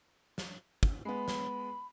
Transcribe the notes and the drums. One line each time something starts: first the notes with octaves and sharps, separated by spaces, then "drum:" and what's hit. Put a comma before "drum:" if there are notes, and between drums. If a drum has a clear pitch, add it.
drum: snare
drum: kick
G#3 B3 B5
drum: snare